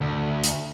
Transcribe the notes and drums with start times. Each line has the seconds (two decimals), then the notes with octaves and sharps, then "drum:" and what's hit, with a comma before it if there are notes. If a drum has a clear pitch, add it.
0.01 D2
0.44 drum: hi-hat